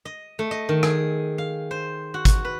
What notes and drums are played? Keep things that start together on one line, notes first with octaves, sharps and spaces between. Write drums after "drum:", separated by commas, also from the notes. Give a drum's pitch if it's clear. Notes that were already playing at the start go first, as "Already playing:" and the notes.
D#5
A3
D#5
D#3
G#4, drum: rim click
F5
C5
F#4
drum: kick, hi-hat
B4